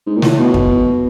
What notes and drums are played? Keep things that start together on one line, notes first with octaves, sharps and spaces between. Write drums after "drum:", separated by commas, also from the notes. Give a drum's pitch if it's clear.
G#2
A#2
A2, drum: snare
B2
drum: kick F2